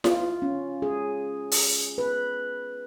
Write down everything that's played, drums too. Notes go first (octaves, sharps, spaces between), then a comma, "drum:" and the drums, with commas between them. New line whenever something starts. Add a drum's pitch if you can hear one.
F4, drum: snare E4
C#4
G#4
drum: open hi-hat
B4